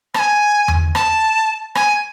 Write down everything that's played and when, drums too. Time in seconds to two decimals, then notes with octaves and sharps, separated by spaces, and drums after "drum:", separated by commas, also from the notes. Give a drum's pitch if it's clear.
0.14 A5, drum: rim click
0.19 G#5
0.68 drum: tom E2
0.95 A5, drum: rim click
1.75 G#5, drum: rim click